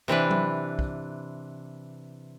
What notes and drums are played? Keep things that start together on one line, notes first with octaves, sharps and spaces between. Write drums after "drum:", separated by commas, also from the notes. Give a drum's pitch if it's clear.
C3 E3 D4 B4
drum: tom F#3
drum: kick